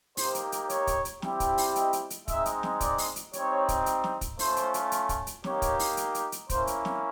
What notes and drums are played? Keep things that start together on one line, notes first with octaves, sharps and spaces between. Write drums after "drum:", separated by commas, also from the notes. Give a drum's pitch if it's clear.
A#3 D#4 G4 C5, drum: open hi-hat
drum: hi-hat
drum: hi-hat
C#5, drum: hi-hat
drum: kick, hi-hat
drum: hi-hat
G3 C4 E4 G4, drum: snare
drum: kick, hi-hat
drum: open hi-hat
D#5, drum: hi-hat
drum: hi-hat
drum: hi-hat
G#3 C4 D#4 E5, drum: kick, hi-hat
drum: hi-hat
drum: snare
D5, drum: kick, hi-hat
drum: open hi-hat
drum: hi-hat
G3 C4 D#4 C#5, drum: hi-hat
drum: kick, hi-hat
drum: hi-hat
drum: snare
drum: kick, hi-hat
A3 C#4 F4 C5, drum: open hi-hat
drum: hi-hat
drum: hi-hat
drum: hi-hat
drum: kick, hi-hat
drum: hi-hat
A#3 D#4 G4 C#5, drum: snare
drum: kick, hi-hat
drum: open hi-hat
drum: hi-hat
drum: hi-hat
drum: hi-hat
A#3 C#4 E4 C5, drum: kick, hi-hat
drum: hi-hat
drum: snare